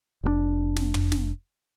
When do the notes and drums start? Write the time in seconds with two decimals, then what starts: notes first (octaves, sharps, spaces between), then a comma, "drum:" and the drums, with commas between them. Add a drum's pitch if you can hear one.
0.23 F1 G#2 D4
0.76 drum: snare
0.94 drum: tom
1.12 drum: snare